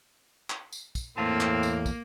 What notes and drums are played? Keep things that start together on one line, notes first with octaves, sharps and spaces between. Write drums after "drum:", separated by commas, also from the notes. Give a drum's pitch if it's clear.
drum: clap
drum: tambourine
drum: kick, tambourine
E2 A2 A#3 C4 F5 A5
drum: clap
drum: tambourine
drum: kick, tambourine